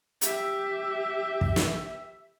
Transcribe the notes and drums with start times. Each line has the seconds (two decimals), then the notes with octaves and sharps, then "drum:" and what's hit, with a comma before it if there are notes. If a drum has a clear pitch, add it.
0.21 G4 E5, drum: hi-hat
1.41 drum: kick
1.56 drum: snare